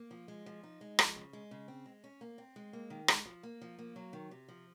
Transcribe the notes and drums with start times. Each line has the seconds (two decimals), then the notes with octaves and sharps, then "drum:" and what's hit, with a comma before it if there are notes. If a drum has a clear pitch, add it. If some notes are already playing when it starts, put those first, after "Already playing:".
Already playing: A#3
0.11 F3
0.28 G#3
0.46 F3
0.63 D#4
0.81 G#3
0.99 F3, drum: rim click
1.16 C#3
1.33 G#3
1.51 C#3
1.68 C4
1.86 G#3
2.04 C#4
2.21 A#3
2.38 C4
2.56 G#3
2.73 A#3
2.90 D#3
3.08 G#3, drum: rim click
3.26 F3
3.43 A#3
3.61 F3
3.79 A#3
3.96 F#3
4.13 D#3
4.31 C3
4.48 F3